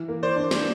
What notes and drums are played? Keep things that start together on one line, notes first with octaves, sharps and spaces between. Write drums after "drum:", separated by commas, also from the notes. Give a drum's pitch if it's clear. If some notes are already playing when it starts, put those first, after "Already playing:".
Already playing: E3
A#3
C5 D5
D4
drum: snare